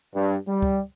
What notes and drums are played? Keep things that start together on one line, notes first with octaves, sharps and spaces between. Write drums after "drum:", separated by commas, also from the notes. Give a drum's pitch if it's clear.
G2
G3
drum: kick C#2